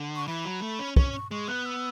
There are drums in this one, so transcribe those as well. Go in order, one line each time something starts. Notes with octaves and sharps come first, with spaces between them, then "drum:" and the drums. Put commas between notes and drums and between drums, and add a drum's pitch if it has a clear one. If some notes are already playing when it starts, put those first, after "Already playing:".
Already playing: D3
C#6
E3 B5
F#3
A3
C#4
C#4 C#6, drum: kick
C#6
G#3 C#6
B3 F#6
E6